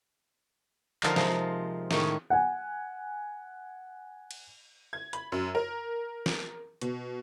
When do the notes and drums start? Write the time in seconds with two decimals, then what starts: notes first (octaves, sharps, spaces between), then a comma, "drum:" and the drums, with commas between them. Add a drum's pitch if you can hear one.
1.03 D3 F3 D#4 F4 A#4, drum: clap
1.16 C3 F3 G#3, drum: snare
1.91 A2 D#3 G#3 C#4, drum: snare
2.30 F#5 G#5
4.31 drum: cymbal
4.93 G#6
5.13 B5, drum: hi-hat
5.32 F#2
5.55 A#4
6.26 drum: snare
6.81 B2, drum: hi-hat